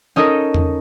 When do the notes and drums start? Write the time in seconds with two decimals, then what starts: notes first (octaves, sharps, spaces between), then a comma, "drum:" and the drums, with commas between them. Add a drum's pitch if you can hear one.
0.16 C#4 D#4 A4 A#4 D#5 D#7
0.54 drum: tom E2